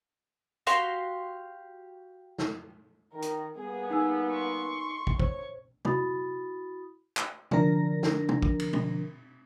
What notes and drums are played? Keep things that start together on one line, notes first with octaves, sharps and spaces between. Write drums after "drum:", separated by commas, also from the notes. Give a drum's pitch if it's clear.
F#4 G4 F5 C6, drum: hi-hat
drum: snare
D#3 A#4
drum: hi-hat
G3 A#3 B3 G#4
D#4 G#5 E6
C6 C#6
drum: kick
C5 C#5 C#6, drum: kick
E4 F#4 B5 D#6 A6, drum: tom
drum: clap
D3 F3 D4 A#4 A#6, drum: tom
drum: snare
drum: tom
drum: kick
drum: cymbal
drum: tom